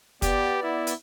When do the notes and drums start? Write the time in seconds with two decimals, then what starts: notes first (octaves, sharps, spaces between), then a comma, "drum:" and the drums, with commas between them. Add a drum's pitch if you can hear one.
0.22 B3 G4 D5, drum: kick, hi-hat
0.63 E4
0.87 drum: hi-hat